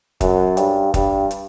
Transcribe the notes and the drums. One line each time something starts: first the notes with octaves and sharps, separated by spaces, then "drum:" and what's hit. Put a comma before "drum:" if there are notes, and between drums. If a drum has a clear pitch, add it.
F#2, drum: kick, hi-hat
G2, drum: hi-hat
G2, drum: kick, hi-hat
drum: hi-hat